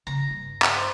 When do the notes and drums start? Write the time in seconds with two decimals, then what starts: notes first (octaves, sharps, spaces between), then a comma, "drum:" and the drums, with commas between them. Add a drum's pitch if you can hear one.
0.07 C#3 A#5
0.31 G2
0.62 drum: clap
0.76 C5